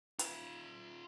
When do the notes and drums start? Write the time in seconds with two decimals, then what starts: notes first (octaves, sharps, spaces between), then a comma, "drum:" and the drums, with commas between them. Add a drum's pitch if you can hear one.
0.19 F4 E5, drum: hi-hat